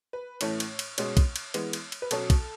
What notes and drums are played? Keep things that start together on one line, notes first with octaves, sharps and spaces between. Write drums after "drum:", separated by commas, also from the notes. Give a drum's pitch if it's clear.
B4
A2 E3 A3 C#4 C#5, drum: cymbal
drum: cymbal
drum: cymbal
B2 G#3 C#4, drum: cymbal
drum: kick, cymbal
drum: cymbal
E3 G#3 B3, drum: cymbal
drum: cymbal
drum: cymbal
B4
B2 F#3 C#4 A4, drum: cymbal
drum: kick, cymbal